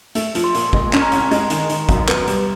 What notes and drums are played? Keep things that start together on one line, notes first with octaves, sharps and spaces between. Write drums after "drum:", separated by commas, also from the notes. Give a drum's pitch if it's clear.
A3, drum: hi-hat
F3, drum: hi-hat
C6
A#2, drum: hi-hat
G#3, drum: kick
C#4, drum: clap
A#5
C2, drum: hi-hat
G#3, drum: hi-hat
D#3, drum: hi-hat
D#3, drum: hi-hat
F#2, drum: kick, hi-hat
B3, drum: clap
G3, drum: hi-hat